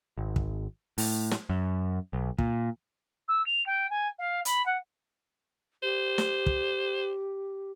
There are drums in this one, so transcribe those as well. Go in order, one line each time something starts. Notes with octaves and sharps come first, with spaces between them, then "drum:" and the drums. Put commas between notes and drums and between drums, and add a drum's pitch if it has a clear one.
G#1
drum: kick
A2, drum: open hi-hat
drum: snare
F#2
B1
A#2, drum: kick
E6
F7
G5
G#5
F5
B5, drum: hi-hat
F#5
G4 C5
drum: snare
drum: kick